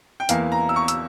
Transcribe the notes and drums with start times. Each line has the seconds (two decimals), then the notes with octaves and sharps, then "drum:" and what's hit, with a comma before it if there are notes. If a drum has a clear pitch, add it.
0.20 G5
0.29 E2 E3 A#3 F5, drum: hi-hat
0.52 A#5
0.69 E6
0.76 C#6
0.88 E6, drum: hi-hat